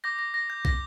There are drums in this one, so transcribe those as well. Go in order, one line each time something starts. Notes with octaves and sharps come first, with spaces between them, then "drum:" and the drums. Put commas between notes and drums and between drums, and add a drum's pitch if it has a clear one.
D6 G6 A#6
A#6
A#6
G6
A#6, drum: kick